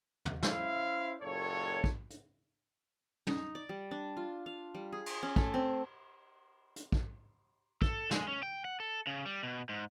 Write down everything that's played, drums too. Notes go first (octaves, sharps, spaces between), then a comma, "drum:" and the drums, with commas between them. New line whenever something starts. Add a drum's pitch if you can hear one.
drum: tom
C#4 E4 C5 E5 F5, drum: snare
F#1 A#2 F#3 A4 C#5
drum: kick
drum: hi-hat
D#4, drum: tom
D5
G3
D4
F4
F5
G3
G#4
drum: cymbal
C#4
A3, drum: kick
C4
drum: hi-hat
drum: kick
A4, drum: kick
G#3, drum: snare
C#4
G5
F#5
A4
C#3
G3
B2
G#2